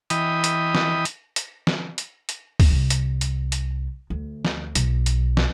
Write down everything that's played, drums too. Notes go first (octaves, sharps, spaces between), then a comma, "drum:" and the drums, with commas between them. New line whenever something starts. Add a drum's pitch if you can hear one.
E3 D#5 G5 B5 D#6, drum: hi-hat
drum: hi-hat
drum: snare
drum: hi-hat
drum: hi-hat
drum: snare
drum: hi-hat
drum: hi-hat
drum: kick D2, open hi-hat
C2
drum: hi-hat
drum: hi-hat
drum: hi-hat
D2
drum: snare
B1, drum: hi-hat
drum: hi-hat
drum: snare